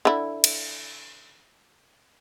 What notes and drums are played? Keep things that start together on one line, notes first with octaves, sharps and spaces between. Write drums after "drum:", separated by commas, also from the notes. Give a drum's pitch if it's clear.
D3 E4
drum: cymbal